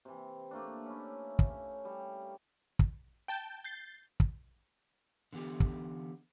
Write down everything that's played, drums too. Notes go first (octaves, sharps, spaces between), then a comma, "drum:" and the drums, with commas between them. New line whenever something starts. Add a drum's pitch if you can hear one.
C3 E3
A3 A#3 D4
C#4 E4
drum: kick
C#4
G3
drum: kick
G5 A5 G6
G6 A6 C7
drum: kick
D3 E3 B3 G4 A4
drum: kick